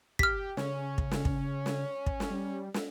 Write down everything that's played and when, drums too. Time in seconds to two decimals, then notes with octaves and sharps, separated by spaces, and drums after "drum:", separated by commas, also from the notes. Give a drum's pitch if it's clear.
0.19 G4 F6 B6, drum: kick
0.57 C#3 C#4, drum: snare
0.98 drum: kick
1.11 drum: snare
1.25 drum: kick
1.66 drum: snare
2.06 drum: kick
2.20 drum: snare
2.31 G3
2.74 drum: snare